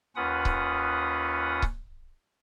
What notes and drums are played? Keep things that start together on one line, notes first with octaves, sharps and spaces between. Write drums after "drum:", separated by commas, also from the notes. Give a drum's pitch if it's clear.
D#2 C#4 F4 B4 F#5 D#6
drum: kick C#1
drum: kick C#1